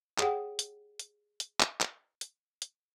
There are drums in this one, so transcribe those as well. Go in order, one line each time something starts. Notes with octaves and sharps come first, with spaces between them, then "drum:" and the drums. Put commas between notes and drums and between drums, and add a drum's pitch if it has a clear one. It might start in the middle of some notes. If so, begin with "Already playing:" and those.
G4 G#4 C#5 F#5 G5, drum: clap
drum: hi-hat
drum: hi-hat
drum: hi-hat
drum: clap
drum: clap
drum: hi-hat
drum: hi-hat